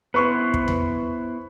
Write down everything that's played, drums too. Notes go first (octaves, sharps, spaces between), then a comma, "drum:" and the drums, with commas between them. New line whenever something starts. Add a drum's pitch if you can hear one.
B3 E4 B4 C5 C#6 F#6
drum: kick
drum: tom E2